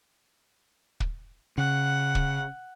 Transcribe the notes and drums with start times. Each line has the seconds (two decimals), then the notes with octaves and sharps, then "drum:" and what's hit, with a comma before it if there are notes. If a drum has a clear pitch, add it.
1.00 drum: kick
1.58 C#3 F#5
2.15 drum: kick